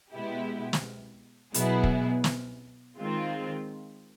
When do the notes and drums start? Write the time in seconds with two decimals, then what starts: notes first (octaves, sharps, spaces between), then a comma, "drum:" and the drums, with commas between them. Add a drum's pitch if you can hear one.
0.12 B2 G#3 B3 E4 G4
0.73 drum: snare
1.54 B2 F#3 B3 E4 G#4, drum: hi-hat
1.83 drum: kick
2.24 drum: snare
2.98 D#3 G#3 C4 F4